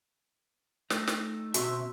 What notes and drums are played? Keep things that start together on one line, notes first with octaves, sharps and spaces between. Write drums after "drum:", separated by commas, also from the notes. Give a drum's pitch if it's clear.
A3 D#4, drum: snare
drum: snare
B2 C4 F#4 E5 C#6 E6, drum: hi-hat